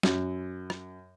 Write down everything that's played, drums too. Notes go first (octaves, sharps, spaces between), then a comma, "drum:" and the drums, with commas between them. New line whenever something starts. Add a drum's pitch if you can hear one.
F#2, drum: snare
drum: rim click